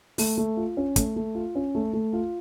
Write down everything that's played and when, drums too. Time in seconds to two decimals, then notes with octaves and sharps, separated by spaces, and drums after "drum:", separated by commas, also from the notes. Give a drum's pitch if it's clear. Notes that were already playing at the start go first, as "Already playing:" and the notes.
0.18 A3, drum: open hi-hat
0.37 A3
0.57 F4
0.77 C#4
0.96 A3, drum: kick, hi-hat
1.16 A3
1.35 F4
1.55 C#4
1.75 A3
1.93 A3
2.13 F4